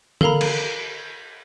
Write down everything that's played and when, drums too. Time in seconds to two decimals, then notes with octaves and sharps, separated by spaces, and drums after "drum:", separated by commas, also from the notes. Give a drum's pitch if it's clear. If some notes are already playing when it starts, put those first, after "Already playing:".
0.21 A4 A#4 F5 A#5 B5, drum: tom D3
0.41 drum: cymbal